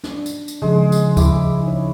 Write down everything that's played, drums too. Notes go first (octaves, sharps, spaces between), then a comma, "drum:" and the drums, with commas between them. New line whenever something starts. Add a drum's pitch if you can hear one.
D4, drum: snare
drum: tambourine
drum: tambourine
C#3 F3 G#3 G#4
drum: tambourine
E4 G#4 D6, drum: kick D2, tambourine
D#4 C#5